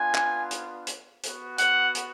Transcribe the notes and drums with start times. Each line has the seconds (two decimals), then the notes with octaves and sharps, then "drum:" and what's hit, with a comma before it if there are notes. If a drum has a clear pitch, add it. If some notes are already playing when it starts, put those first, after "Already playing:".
Already playing: B3 D4 F4 G#5
0.15 drum: clap
0.51 drum: hi-hat
0.87 drum: hi-hat
1.23 B3 F#4, drum: hi-hat
1.58 F#5, drum: hi-hat
1.95 drum: hi-hat